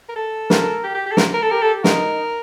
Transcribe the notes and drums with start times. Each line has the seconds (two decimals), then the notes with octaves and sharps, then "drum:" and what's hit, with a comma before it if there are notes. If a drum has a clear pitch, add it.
0.09 A#4
0.16 A4
0.50 A#4, drum: snare
0.84 G4
0.94 G4
1.06 G4
1.12 A4
1.17 A#4, drum: snare
1.34 A#4
1.43 A4
1.50 G4 A#4
1.62 A4
1.84 D#4 A#4, drum: snare